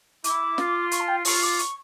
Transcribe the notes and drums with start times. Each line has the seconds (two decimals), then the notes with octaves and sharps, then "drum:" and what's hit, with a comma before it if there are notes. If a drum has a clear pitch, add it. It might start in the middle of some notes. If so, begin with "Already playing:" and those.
0.24 E4 D6, drum: hi-hat
0.58 F4, drum: snare
0.91 C#6, drum: hi-hat
1.00 A5
1.08 G5
1.25 F4 C#6, drum: open hi-hat
1.42 D6
1.59 C#6, drum: hi-hat